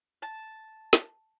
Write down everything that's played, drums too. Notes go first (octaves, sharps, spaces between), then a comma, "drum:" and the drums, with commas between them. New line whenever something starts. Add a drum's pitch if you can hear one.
A5
drum: snare